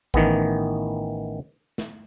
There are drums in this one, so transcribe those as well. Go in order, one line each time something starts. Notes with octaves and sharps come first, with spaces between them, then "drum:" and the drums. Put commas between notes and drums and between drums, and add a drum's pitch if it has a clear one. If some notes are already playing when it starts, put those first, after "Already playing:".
A1 D#3 E3 B3, drum: kick A1
drum: snare